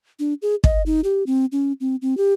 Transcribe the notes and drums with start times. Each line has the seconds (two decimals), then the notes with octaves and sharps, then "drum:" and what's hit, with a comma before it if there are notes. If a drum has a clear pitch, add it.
0.19 D4
0.42 G#4
0.64 D#5, drum: kick
0.86 D#4
1.04 G4
1.27 C4
1.52 C#4
1.81 C4
2.02 C4
2.17 G4